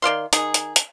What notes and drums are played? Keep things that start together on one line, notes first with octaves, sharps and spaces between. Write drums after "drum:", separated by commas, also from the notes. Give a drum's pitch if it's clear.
D#3 D5 F5 C6
D#3 D#4 G#4, drum: hi-hat
drum: hi-hat
drum: hi-hat